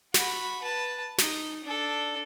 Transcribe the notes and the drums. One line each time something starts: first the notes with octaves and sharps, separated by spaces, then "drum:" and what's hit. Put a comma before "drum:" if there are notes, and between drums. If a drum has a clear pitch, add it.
F#4 B5, drum: snare
B4 A5
D#4, drum: snare
D4 A4